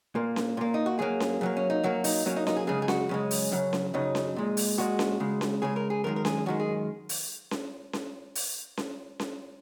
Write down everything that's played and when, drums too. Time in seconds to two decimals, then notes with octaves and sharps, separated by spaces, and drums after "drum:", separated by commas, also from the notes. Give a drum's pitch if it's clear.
0.15 A#2 A#3
0.36 drum: snare C#4
0.57 A#2 A#3
0.74 D#4
0.86 F#4
0.99 F#2 F#3 A#3 G#4
1.20 drum: snare C#4
1.41 F#2 F#3 A#3
1.57 C#4
1.70 D#4
1.83 F#2 F#3 A#3 F#4
2.04 D#4, drum: open hi-hat
2.26 F#2 F#3 A#3 C#4
2.36 D#4
2.47 D#4, drum: snare C#4
2.57 G#4
2.67 F#2 C#3 G#3 G#4
2.82 G#4
2.88 F#4, drum: snare C#4
3.09 F#2 C#3 G#3 C#4
3.31 drum: open hi-hat
3.51 F#2 C#3 F#3
3.73 drum: snare C#4
3.94 F#2 C#3 F#3 D#4
4.15 drum: snare C#4
4.36 A#2 G#3
4.57 drum: open hi-hat
4.78 A#2 G#3 F#4
4.99 drum: snare C#4
5.20 C#3 G#3
5.41 drum: snare C#4
5.62 C#3 G#3 G#4
5.76 A#4
5.90 G#4
6.04 F#2 D#3 G#3 A#4
6.16 A#4
6.25 G#4, drum: snare C#4
6.46 F#2 D#3 G#3 F#4
6.60 G#4
7.09 drum: open hi-hat
7.51 drum: snare C#4
7.93 drum: snare C#4
8.35 drum: open hi-hat
8.77 drum: snare C#4
9.20 drum: snare C#4